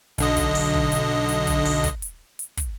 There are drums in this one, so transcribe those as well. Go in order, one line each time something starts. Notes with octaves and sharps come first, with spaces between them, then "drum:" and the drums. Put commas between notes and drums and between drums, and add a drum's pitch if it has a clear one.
B1 D3 D#5, drum: hi-hat
drum: kick, hi-hat
drum: open hi-hat
drum: kick
drum: hi-hat
drum: hi-hat
drum: kick, hi-hat
drum: open hi-hat
drum: kick, hi-hat
drum: hi-hat
drum: hi-hat
drum: kick, hi-hat